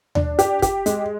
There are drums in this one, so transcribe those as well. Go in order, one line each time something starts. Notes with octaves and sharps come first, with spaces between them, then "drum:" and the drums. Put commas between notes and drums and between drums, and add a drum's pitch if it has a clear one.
D4, drum: tom D#2
G4, drum: hi-hat
G4, drum: kick, hi-hat
G#3, drum: hi-hat